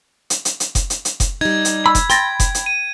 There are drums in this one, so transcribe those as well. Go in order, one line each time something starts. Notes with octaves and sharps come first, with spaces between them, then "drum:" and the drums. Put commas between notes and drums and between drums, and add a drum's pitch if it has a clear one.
drum: hi-hat
drum: hi-hat
drum: hi-hat
drum: kick F1, hi-hat
drum: hi-hat
drum: hi-hat
drum: kick F1, hi-hat
G3 D#4 G#6
drum: hi-hat
B5 E6
drum: kick F1, hi-hat
G5 C6 A6 A#6, drum: hi-hat
drum: kick F1, hi-hat
drum: hi-hat
D#7